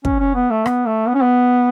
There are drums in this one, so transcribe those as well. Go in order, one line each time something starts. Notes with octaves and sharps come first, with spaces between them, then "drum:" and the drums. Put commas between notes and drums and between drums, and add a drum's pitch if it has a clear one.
C#4, drum: kick
C#4
B3
A3
B3, drum: rim click
A3
B3
C#4
B3